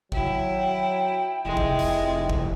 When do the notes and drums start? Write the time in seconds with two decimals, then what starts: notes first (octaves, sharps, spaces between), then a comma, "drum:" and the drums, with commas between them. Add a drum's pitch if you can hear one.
0.12 F#3 E4 G5, drum: kick G#1
0.26 drum: tom D#3
1.45 F1 G#3 E4
1.57 drum: kick G#1
1.79 drum: cymbal
2.29 drum: kick G#1